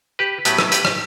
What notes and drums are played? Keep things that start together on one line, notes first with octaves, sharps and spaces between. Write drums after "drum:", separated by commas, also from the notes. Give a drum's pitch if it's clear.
G4 B4
A2 F#3 B3 G4 B4, drum: hi-hat
drum: rim click
G4 B4, drum: hi-hat
drum: rim click